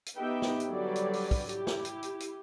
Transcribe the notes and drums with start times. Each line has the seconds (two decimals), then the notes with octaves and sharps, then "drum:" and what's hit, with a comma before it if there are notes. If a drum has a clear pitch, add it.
0.06 drum: hi-hat
0.17 B3 D#4 G4 B4 E5 G5
0.42 drum: snare
0.60 drum: hi-hat
0.69 D3 F#3 G3 G4 B4 D5
0.96 drum: hi-hat
1.13 drum: open hi-hat
1.31 drum: kick, open hi-hat
1.49 E4 G4, drum: hi-hat
1.67 drum: snare
1.85 drum: hi-hat
2.03 drum: hi-hat
2.20 drum: hi-hat